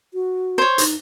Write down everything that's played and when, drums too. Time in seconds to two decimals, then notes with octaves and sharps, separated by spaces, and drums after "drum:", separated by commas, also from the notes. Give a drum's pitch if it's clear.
0.14 F#4
0.58 C5 C#5
0.78 D#4, drum: hi-hat